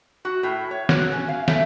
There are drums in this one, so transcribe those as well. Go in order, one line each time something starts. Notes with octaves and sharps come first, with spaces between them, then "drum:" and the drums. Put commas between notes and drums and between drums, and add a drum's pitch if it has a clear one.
F#4
A2
C#5
F#3, drum: snare
C#4
F5
A3, drum: snare